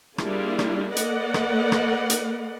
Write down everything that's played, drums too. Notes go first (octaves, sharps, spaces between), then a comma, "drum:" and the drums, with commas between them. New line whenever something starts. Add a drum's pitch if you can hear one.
G3 A#3 D4 E4 F4 G#4, drum: rim click
drum: rim click
A#3 A4 B4 D5 D#5 F#5, drum: hi-hat
drum: rim click
drum: rim click
drum: hi-hat